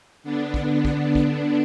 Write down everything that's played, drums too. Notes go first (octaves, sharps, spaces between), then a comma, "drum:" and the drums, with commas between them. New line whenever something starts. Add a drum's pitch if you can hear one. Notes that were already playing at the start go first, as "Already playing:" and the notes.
D3 B3 D4
drum: kick
drum: kick
drum: kick